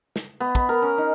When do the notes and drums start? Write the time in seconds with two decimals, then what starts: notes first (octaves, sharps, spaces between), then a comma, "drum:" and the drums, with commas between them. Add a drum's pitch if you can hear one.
0.16 drum: snare
0.40 B3
0.55 B5, drum: kick
0.69 A#4
0.82 C#4
0.98 D#4